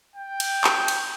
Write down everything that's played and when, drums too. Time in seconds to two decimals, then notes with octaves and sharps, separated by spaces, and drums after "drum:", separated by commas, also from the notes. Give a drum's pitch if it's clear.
0.16 G5
0.40 drum: cymbal
0.64 drum: clap
0.88 drum: cymbal